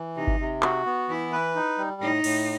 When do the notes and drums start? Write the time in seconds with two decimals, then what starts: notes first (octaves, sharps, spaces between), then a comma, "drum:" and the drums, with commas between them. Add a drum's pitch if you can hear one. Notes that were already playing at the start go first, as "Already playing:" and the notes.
Already playing: E3
0.17 C3 D#4
0.27 drum: kick G1
0.40 C3
0.63 F#4, drum: clap
0.86 B3
1.09 E3 E4
1.32 B4
1.55 D#4
1.78 G3
2.01 A2 D#4
2.24 A2, drum: cymbal